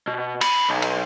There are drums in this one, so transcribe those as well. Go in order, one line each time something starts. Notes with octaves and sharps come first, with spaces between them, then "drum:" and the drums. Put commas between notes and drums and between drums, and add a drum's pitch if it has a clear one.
B2
B5, drum: cymbal
B1
drum: cymbal